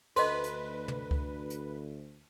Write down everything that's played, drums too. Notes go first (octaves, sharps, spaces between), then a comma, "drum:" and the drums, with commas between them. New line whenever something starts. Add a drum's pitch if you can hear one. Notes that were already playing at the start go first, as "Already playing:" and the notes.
D2 A4 B4 C5 D#5 C6, drum: cymbal
drum: hi-hat
drum: tom
drum: kick C#2
drum: hi-hat